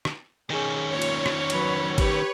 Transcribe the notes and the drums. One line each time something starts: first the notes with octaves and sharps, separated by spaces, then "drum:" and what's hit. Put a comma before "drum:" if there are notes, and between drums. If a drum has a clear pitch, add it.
drum: rim click
D#3 C#4 G#4
A#3 F4 C#5
drum: cymbal
drum: rim click
F#3 B4, drum: cymbal
G4 B4 C#5, drum: kick G#1, cymbal